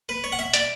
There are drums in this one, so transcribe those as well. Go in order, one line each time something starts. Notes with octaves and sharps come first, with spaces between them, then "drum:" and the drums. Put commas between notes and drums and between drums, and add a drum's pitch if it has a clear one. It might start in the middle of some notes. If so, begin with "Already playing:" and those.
B4
C#5
F#5
E5
D5, drum: hi-hat